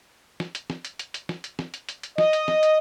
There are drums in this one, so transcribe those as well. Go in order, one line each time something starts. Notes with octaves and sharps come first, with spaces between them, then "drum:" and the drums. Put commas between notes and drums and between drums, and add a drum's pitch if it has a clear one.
drum: snare
drum: hi-hat
drum: snare
drum: hi-hat
drum: hi-hat
drum: hi-hat
drum: snare
drum: hi-hat
drum: snare
drum: hi-hat
drum: hi-hat
drum: hi-hat
D#5, drum: snare
drum: hi-hat
drum: snare
drum: hi-hat